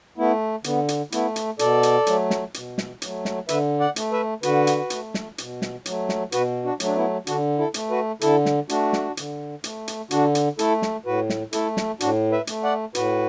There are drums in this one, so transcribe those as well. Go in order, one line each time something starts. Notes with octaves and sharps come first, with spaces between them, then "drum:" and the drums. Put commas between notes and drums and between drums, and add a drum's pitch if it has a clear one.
A3 B3 E4
D3 B3, drum: hi-hat
drum: hi-hat
A3 B3 E4, drum: hi-hat
drum: hi-hat
B2 A4 D5, drum: hi-hat
drum: hi-hat
F#3 A3, drum: hi-hat
drum: snare
B2, drum: hi-hat
drum: snare
F#3 A3, drum: hi-hat
drum: snare
D3 B4 E5, drum: hi-hat
D5 F#5
A3, drum: hi-hat
B4 E5
D3 F#4 B4, drum: hi-hat
drum: hi-hat
A3, drum: hi-hat
drum: snare
B2, drum: hi-hat
drum: snare
F#3 A3, drum: hi-hat
drum: snare
B2 F#4 B4, drum: hi-hat
D4 F#4
F#3 A3, drum: hi-hat
D4
B3 E4
D3 D4 F#4, drum: hi-hat
E4 A4
A3, drum: hi-hat
F#4 B4
D3 E4 A4, drum: hi-hat
drum: snare
A3 D4 F#4, drum: hi-hat
drum: snare
D3, drum: hi-hat
A3, drum: hi-hat
drum: hi-hat
D3 D4 F#4, drum: hi-hat
drum: hi-hat
A3 E4 A4, drum: hi-hat
drum: snare
A2 F#4 B4
drum: snare
A3 E4 A4, drum: hi-hat
drum: snare
A2 D4 F#4, drum: hi-hat
B4 E5
A3, drum: hi-hat
D5 F#5
A2 F#4 B4, drum: hi-hat